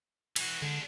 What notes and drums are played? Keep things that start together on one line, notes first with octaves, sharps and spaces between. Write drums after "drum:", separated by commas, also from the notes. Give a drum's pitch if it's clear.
E3 F#4, drum: cymbal
D3 G#3 D4